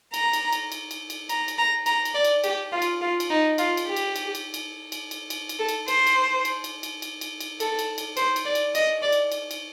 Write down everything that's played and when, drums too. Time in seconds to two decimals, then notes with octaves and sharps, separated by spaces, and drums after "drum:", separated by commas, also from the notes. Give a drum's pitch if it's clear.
0.14 A#5, drum: cymbal
0.33 drum: cymbal
0.53 drum: cymbal
0.72 drum: cymbal
0.91 drum: cymbal
1.10 drum: cymbal
1.29 A#5, drum: cymbal
1.48 drum: cymbal
1.58 A#5
1.86 A#5, drum: cymbal
2.05 drum: cymbal
2.15 D5
2.25 drum: cymbal
2.44 G4, drum: cymbal
2.72 F4
2.82 drum: cymbal
3.01 F4
3.20 drum: cymbal
3.30 D#4
3.58 F4, drum: cymbal
3.77 drum: cymbal
3.86 G4
3.97 drum: cymbal
4.16 drum: cymbal
4.35 drum: cymbal
4.54 drum: cymbal
4.92 drum: cymbal
5.11 drum: cymbal
5.30 drum: cymbal
5.49 drum: cymbal
5.59 A4
5.68 drum: cymbal
5.88 C5, drum: cymbal
6.07 drum: cymbal
6.45 drum: cymbal
6.64 drum: cymbal
6.83 drum: cymbal
7.02 drum: cymbal
7.21 drum: cymbal
7.40 drum: cymbal
7.60 A4, drum: cymbal
7.79 drum: cymbal
7.98 drum: cymbal
8.17 C5, drum: cymbal
8.36 drum: cymbal
8.45 D5
8.55 drum: cymbal
8.75 D#5, drum: cymbal
9.02 D5
9.12 drum: cymbal
9.32 drum: cymbal
9.51 drum: cymbal